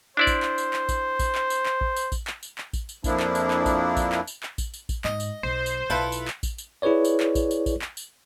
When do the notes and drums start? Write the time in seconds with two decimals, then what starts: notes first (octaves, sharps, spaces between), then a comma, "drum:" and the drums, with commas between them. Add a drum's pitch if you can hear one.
0.17 D4 E4 C5 D5
0.27 drum: kick A1, tambourine
0.42 drum: clap
0.58 drum: tambourine
0.73 drum: clap
0.89 drum: kick A1, tambourine
1.19 drum: kick A1, tambourine
1.35 drum: clap
1.50 drum: tambourine
1.66 drum: clap
1.81 drum: kick A1
1.96 drum: tambourine
2.12 drum: kick A1, tambourine
2.27 drum: clap
2.43 drum: tambourine
2.58 drum: clap
2.73 drum: kick A1, tambourine
2.89 drum: tambourine
3.04 F2 F3 A#3 D4 E4, drum: kick A1, tambourine
3.20 drum: clap
3.35 drum: tambourine
3.50 drum: clap
3.66 drum: kick A1, tambourine
3.97 drum: kick A1, tambourine
4.12 drum: clap
4.27 drum: tambourine
4.43 drum: clap
4.58 drum: kick A1, tambourine
4.74 drum: tambourine
4.89 drum: kick A1, tambourine
5.04 G#2 D#5, drum: clap
5.20 drum: tambourine
5.43 B1 C5
5.66 drum: tambourine
5.90 B1 E4 F4 A4 B4
6.12 drum: tambourine
6.28 drum: clap
6.43 drum: kick A1, tambourine
6.58 drum: tambourine
6.82 E4 G#4 B4 C#5 D5
7.05 drum: tambourine
7.20 drum: clap
7.35 drum: kick A1, tambourine
7.51 drum: tambourine
7.66 drum: kick A1, tambourine
7.82 drum: clap
7.97 drum: tambourine